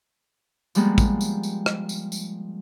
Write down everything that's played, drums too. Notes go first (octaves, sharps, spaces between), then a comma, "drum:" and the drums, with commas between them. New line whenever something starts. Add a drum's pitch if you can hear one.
F3 G3 G#3 A#3 B3, drum: tambourine
drum: kick, tambourine
drum: tambourine
drum: tambourine
drum: rim click
drum: tambourine
drum: tambourine